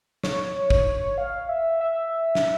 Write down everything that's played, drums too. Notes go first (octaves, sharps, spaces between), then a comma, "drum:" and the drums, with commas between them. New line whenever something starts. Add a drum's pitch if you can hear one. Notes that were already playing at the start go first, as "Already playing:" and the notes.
C#5, drum: snare
drum: kick
F5
E5
E5
drum: snare